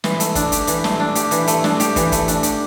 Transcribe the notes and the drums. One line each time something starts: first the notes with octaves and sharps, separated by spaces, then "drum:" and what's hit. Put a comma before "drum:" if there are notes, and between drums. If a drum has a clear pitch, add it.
E3, drum: snare
A3, drum: hi-hat
D4, drum: kick, hi-hat
G4, drum: hi-hat
E3, drum: hi-hat
A3, drum: snare
D4
G4, drum: hi-hat
E3, drum: hi-hat
A3, drum: hi-hat
D4, drum: snare
G4, drum: hi-hat
E3, drum: kick, hi-hat
A3, drum: kick, hi-hat
D4, drum: hi-hat
G4, drum: hi-hat